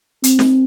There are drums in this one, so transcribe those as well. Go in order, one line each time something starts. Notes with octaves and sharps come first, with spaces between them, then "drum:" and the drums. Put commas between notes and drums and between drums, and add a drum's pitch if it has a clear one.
C4, drum: hi-hat
drum: snare